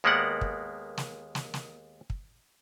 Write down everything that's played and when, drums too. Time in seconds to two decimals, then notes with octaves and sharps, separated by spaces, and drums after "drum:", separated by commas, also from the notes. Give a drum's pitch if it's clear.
0.04 D#2 G#3 A#3 B3 D5 F#5
0.41 drum: kick
0.97 drum: snare
1.35 drum: snare
1.54 drum: snare
2.10 drum: kick